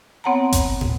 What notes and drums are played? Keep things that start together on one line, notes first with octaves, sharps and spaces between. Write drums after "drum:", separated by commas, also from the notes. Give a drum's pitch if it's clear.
B3 C4 C#5 F#5 A5 A#5
drum: kick G1, hi-hat
drum: tom